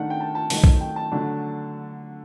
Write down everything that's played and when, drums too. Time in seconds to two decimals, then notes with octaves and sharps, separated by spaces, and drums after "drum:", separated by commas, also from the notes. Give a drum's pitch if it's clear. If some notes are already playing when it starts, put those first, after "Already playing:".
Already playing: D#3 A3 D4 F#5
0.10 G5
0.20 A5
0.35 A5
0.50 D#3 F#3 A3 D#4, drum: open hi-hat
0.64 drum: kick A#1
0.81 G5
0.96 A5
1.12 D3 F#3 A3 D4